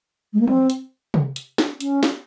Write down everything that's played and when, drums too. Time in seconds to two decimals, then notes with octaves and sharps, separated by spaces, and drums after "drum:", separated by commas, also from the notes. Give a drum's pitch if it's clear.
0.33 G#3
0.40 A#3
0.48 C4, drum: tom
0.70 drum: hi-hat
1.14 drum: tom
1.36 drum: hi-hat
1.58 drum: snare
1.80 C#4, drum: hi-hat
2.03 drum: snare